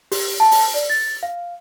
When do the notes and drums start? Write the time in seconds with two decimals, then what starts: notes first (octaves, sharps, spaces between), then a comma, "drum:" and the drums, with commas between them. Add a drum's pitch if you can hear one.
0.12 G4, drum: open hi-hat
0.40 A5
0.52 drum: open hi-hat
0.74 D5
0.90 A6
1.23 F5